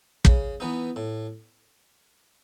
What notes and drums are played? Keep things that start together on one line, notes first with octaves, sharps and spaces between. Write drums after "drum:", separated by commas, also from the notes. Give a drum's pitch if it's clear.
C#3, drum: kick
E3 B3 D#4
A2